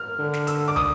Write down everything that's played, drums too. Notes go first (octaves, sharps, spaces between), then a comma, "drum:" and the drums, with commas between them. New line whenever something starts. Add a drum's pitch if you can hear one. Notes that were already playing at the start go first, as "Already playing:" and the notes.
Already playing: F6
D3
drum: snare
E6, drum: hi-hat
D6
D#6, drum: tom